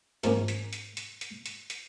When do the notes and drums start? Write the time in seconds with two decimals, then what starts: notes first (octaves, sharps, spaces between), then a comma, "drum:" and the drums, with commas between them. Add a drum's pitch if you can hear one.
0.24 G#2 F3 A#3 C#4 A#4, drum: hi-hat
0.48 drum: hi-hat
0.73 drum: hi-hat
0.97 drum: hi-hat
1.21 drum: hi-hat
1.46 drum: hi-hat
1.70 drum: hi-hat